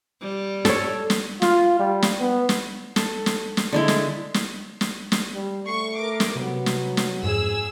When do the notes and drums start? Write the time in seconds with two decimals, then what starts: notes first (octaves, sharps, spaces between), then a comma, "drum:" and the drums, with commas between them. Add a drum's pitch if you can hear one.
0.22 G3
0.65 A4 C#5, drum: snare
1.10 drum: snare
1.42 F4, drum: snare
1.79 G3
2.02 drum: snare
2.20 B3
2.49 drum: snare
2.96 A4, drum: snare
3.26 drum: snare
3.57 drum: snare
3.73 D3 G#3 E4
3.88 drum: snare
4.34 drum: snare
4.81 drum: snare
5.12 drum: snare
5.34 G3
5.67 A3 C#6 C7
5.97 A#4 D6
6.20 drum: snare
6.35 C3 F#3 B3
6.66 drum: snare
6.97 drum: snare
7.23 F2 G#2 G#4 E6